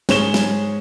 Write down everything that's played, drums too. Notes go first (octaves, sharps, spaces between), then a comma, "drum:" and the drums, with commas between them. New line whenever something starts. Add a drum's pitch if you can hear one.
G#2 G#4 C#5 E7 G7, drum: snare
drum: snare